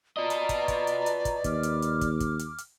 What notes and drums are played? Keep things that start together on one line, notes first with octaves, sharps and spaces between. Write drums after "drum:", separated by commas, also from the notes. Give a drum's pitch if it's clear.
F4 B4 D5 D#5 A5 A#5
drum: hi-hat
drum: kick, hi-hat
drum: kick, hi-hat
drum: hi-hat
drum: hi-hat
drum: kick, hi-hat
D#2 D6 F6, drum: kick, hi-hat
drum: hi-hat
drum: hi-hat
drum: kick, hi-hat
drum: kick, hi-hat
drum: hi-hat
drum: hi-hat